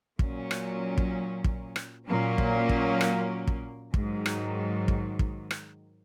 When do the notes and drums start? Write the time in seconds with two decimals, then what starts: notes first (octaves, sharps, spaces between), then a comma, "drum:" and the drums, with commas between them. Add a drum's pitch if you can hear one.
0.19 A#2 F#3 C#4, drum: kick
0.51 drum: rim click
0.98 drum: kick
1.44 drum: kick
1.76 drum: rim click
2.06 A#2 F#3 A#3 C#4
2.38 drum: kick
2.69 drum: kick
3.01 drum: rim click
3.47 drum: kick
3.94 G#2 D#3 F#3, drum: kick
4.26 drum: rim click
4.88 drum: kick
5.19 drum: kick
5.51 drum: rim click